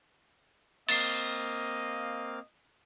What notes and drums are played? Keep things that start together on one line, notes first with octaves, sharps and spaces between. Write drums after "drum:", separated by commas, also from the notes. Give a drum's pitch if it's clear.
A#3 C4 D#5 F5 A6 C7, drum: cymbal